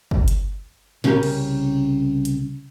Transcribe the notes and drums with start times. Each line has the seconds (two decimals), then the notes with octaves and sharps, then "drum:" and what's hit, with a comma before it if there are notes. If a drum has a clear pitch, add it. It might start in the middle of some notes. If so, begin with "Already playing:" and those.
0.11 drum: kick
0.28 drum: hi-hat
1.04 C2 C#3 C#4 E4 G4 A#4, drum: snare
1.23 drum: cymbal
2.25 drum: hi-hat